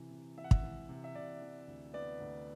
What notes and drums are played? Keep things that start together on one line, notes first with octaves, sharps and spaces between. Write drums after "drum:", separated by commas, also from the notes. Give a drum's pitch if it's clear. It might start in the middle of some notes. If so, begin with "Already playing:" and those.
Already playing: C3 E3
C3
E3 E5
F#5
E5, drum: kick
E3
C3
E5
C3 D5
E3
D2
B3 D5
D2